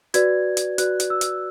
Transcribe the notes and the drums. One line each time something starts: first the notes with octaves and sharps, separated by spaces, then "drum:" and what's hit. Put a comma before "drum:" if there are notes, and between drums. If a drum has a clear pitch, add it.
F#4 B4 D5 G#6, drum: hi-hat
drum: hi-hat
F#4 B4 D5 F#6, drum: hi-hat
drum: hi-hat
E6
drum: hi-hat